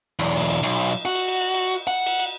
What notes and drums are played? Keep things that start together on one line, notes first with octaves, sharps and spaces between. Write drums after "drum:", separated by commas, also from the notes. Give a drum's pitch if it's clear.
B1 E2
drum: cymbal
drum: cymbal
B1, drum: cymbal
drum: cymbal
drum: cymbal
F#4
drum: cymbal
drum: cymbal
drum: cymbal
drum: cymbal
F#5
drum: cymbal
drum: cymbal